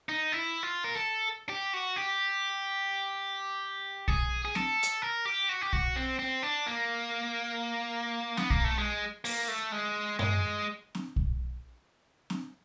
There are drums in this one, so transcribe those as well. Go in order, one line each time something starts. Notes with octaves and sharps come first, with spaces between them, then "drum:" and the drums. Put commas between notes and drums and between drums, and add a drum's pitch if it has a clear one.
D#4
E4
F4
A#4
A4
G4
F#4
G4
G#4, drum: kick
G#4
A4, drum: snare C4
drum: hi-hat
A#4
G4
F#4
G4
F#4, drum: kick
C4
C4
D4
A#3
B3, drum: snare C4
A#3, drum: kick
A3
G#3
A#3, drum: open hi-hat
A3
G#3
G#3, drum: tom G2
drum: snare C4
drum: kick
drum: snare C4